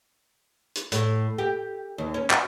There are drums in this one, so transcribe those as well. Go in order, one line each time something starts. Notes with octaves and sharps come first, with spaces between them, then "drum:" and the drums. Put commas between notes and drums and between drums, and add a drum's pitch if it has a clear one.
drum: hi-hat
A2, drum: hi-hat
G4
D#2
C#4
F#4, drum: clap